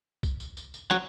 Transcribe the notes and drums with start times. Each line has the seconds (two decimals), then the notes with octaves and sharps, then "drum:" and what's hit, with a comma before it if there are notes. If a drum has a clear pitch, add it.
0.23 drum: kick B1, tambourine
0.40 drum: tambourine
0.57 drum: tambourine
0.74 drum: tambourine
0.91 F#3, drum: snare